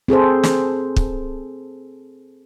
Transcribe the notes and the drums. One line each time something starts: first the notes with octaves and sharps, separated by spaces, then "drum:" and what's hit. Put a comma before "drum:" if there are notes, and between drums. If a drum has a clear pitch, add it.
C4 G#4 A4 C5
drum: snare
drum: kick